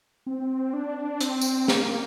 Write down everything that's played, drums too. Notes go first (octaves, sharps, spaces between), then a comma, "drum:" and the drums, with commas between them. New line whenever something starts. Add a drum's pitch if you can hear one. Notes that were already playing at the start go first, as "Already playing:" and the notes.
C4
D4
C4, drum: hi-hat
drum: tambourine
A#3, drum: snare